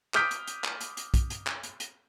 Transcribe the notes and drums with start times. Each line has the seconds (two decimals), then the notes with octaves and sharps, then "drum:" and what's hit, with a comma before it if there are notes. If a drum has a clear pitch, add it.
0.14 D6 D#6 F6 G6 B6 D7, drum: clap
0.31 drum: hi-hat
0.47 drum: hi-hat
0.64 drum: clap
0.81 drum: hi-hat
0.97 drum: hi-hat
1.14 drum: kick, hi-hat
1.30 drum: hi-hat
1.47 drum: clap
1.63 drum: hi-hat
1.80 drum: hi-hat